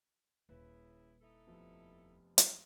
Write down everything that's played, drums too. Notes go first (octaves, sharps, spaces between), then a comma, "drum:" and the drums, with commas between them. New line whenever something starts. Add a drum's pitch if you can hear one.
D#1 C#3 E4 B4
D#4 E4 A4
F1 F3 B3
D#4, drum: hi-hat